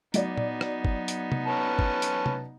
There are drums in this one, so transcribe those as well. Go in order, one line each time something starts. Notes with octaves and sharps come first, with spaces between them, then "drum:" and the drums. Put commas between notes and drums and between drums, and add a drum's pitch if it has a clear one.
F#3 B3 D#4 D5, drum: hi-hat
drum: tom A#2
drum: rim click
drum: kick
drum: hi-hat
drum: tom C3
C#4 B4 A5
drum: kick
drum: hi-hat
drum: tom C3